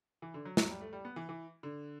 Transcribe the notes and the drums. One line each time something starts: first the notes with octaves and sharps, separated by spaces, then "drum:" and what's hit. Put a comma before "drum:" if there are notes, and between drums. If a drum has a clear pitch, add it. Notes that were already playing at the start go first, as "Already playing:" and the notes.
E3
D3
F#3
F#3, drum: snare
G3
A3
G3
B3
E3
E3
D3